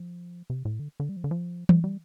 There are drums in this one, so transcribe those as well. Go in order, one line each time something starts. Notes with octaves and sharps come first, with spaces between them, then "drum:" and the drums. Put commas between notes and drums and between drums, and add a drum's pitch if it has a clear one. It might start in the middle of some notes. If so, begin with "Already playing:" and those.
Already playing: F3
C3
A2
D3
D3
G3
F3
D3
F3
G3, drum: tom E3
G3